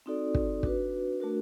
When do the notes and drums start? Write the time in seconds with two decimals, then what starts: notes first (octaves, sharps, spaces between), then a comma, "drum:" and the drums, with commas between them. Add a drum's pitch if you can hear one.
0.06 C4 D#4 F#4 A4 D5
0.34 drum: kick
0.63 D4 F#4 B4, drum: kick
1.20 A3 D4 F#4 A#4